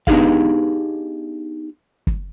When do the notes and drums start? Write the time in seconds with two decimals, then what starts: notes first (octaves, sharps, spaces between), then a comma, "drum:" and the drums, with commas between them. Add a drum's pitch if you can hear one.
0.07 B3 D4 D#4 G4 G#4 F5, drum: kick
2.07 drum: kick